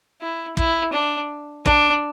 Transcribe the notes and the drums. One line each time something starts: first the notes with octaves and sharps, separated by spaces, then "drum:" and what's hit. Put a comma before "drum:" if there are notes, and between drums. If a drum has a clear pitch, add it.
E4
E4, drum: kick
D4
D4, drum: kick